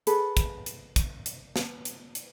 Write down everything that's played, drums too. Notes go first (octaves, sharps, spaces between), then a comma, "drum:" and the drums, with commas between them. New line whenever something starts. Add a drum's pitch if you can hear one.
G#4 A4 B4, drum: hi-hat
drum: kick, hi-hat
drum: hi-hat
drum: kick, hi-hat
drum: hi-hat
drum: snare
drum: hi-hat
drum: hi-hat